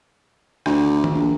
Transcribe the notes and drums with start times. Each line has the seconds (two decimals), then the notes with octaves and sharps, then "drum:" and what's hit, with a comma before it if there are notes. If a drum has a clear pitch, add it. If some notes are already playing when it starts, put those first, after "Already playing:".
0.66 D2, drum: rim click
1.04 drum: tom D#3
1.14 A#1